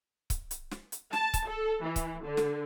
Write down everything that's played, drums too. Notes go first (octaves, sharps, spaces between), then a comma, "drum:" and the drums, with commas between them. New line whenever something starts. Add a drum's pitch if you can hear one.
drum: kick C#1, hi-hat
drum: hi-hat
drum: snare
drum: hi-hat
A5, drum: snare
drum: kick C#1, hi-hat
A4
E3
drum: kick C#1, hi-hat
D3
drum: snare